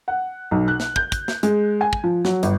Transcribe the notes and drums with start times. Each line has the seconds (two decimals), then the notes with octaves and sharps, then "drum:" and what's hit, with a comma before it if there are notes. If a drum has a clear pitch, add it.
0.08 F#5
0.51 B1
0.68 F#6
0.80 drum: snare
0.96 G6, drum: kick
1.12 drum: kick, hi-hat
1.28 drum: snare
1.43 G#3, drum: hi-hat
1.81 G#5
1.93 drum: kick
2.04 F3
2.25 F#3, drum: snare
2.43 G1, drum: hi-hat